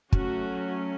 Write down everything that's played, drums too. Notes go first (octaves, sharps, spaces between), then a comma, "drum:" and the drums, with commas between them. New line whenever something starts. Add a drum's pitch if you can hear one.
F#3 A3 C#4 F#4, drum: kick